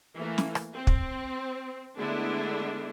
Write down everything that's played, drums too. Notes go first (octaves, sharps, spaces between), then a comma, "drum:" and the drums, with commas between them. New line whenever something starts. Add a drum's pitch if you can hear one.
E3 A3 A#3
drum: snare
drum: rim click
C4
drum: kick
D3 G#3 A3 B3 D4 E4